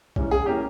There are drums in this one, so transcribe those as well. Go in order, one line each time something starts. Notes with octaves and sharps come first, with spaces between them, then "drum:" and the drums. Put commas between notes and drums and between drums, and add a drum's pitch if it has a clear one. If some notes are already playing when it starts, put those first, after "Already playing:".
G#2 E3 G3 C#4, drum: kick B1
G#4
E3 A#3 C#4 G4